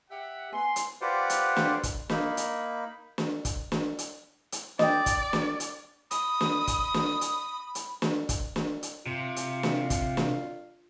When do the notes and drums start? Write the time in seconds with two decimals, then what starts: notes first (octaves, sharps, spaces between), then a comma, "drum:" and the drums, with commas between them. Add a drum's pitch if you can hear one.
0.10 G4 E5 F#5
0.53 B3 G#5 C6
0.76 drum: hi-hat
1.01 F4 G4 B4 C5 D5 F#5
1.30 drum: hi-hat
1.57 drum: snare
1.83 drum: kick, hi-hat
2.09 A#3 D#4 B5, drum: snare
2.37 drum: hi-hat
3.18 drum: snare
3.45 drum: kick, hi-hat
3.72 drum: snare
3.99 drum: hi-hat
4.52 drum: hi-hat
4.79 D5 D#5 G5, drum: snare
5.06 drum: kick, hi-hat
5.33 drum: snare
5.60 drum: hi-hat
6.11 B5 D#6, drum: hi-hat
6.41 drum: snare
6.67 drum: kick, hi-hat
6.94 drum: snare
7.21 drum: hi-hat
7.75 drum: hi-hat
8.02 drum: snare
8.29 drum: kick, hi-hat
8.56 drum: snare
8.83 drum: hi-hat
9.07 C3 F4
9.36 drum: hi-hat
9.63 drum: snare
9.90 drum: kick, hi-hat
10.17 drum: snare